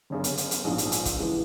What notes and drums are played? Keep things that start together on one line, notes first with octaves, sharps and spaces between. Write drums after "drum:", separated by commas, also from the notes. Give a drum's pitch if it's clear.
G1 F#2 C#3
drum: hi-hat
drum: hi-hat
drum: hi-hat
A#1 G#2 F3
drum: hi-hat
drum: hi-hat
drum: kick, hi-hat
C#3 E3 G#3 B3